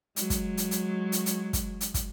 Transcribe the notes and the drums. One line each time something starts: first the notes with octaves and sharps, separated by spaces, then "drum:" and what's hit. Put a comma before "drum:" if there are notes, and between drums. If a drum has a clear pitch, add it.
F#3 G#3, drum: hi-hat
drum: kick, hi-hat
drum: hi-hat
drum: hi-hat
drum: hi-hat
drum: hi-hat
drum: kick, hi-hat
drum: hi-hat
drum: kick, hi-hat